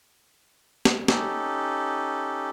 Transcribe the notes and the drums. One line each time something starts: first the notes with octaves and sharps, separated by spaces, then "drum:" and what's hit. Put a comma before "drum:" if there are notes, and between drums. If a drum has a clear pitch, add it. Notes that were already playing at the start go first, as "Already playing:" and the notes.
drum: snare
C#4 D#4 G4 A4, drum: snare